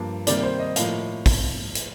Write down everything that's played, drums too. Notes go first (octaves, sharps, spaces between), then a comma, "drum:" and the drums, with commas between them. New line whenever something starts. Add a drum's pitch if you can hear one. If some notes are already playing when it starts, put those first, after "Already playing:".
Already playing: G2 F3 A#3
C3 D#3 G3 A#3 D5, drum: hi-hat
C5
D#5
A2 F3 A#3 F5, drum: hi-hat
drum: kick, open hi-hat
drum: hi-hat